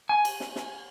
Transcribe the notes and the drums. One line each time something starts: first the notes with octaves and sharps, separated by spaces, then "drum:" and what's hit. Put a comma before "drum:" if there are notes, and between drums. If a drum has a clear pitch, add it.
G#5
drum: cymbal
drum: snare
drum: snare